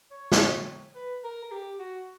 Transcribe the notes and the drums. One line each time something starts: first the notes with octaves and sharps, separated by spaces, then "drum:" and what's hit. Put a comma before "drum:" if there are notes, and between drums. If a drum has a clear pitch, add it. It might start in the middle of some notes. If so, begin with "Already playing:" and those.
C#5
drum: snare
B4
A#4
A#4
G4
F#4